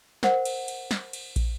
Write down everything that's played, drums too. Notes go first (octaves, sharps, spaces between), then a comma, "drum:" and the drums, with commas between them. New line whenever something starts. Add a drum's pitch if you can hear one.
A#4 C5 F#5, drum: snare
drum: cymbal
drum: cymbal
drum: snare
drum: cymbal
drum: kick, cymbal